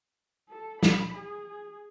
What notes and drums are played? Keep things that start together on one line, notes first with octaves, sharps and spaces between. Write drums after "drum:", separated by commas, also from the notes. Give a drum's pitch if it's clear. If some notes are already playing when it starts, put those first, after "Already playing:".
A4
B5, drum: snare
G#4